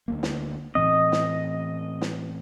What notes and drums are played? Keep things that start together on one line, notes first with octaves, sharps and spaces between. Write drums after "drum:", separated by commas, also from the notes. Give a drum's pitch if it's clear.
D2 A3 A#3
drum: snare
A2 E3 C4 D#5
drum: snare
drum: snare